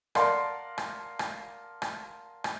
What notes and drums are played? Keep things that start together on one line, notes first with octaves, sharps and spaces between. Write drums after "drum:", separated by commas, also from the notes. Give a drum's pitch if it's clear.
A#4 D5 F5 F#5 A5 C6, drum: rim click
drum: rim click
drum: rim click
drum: rim click
drum: rim click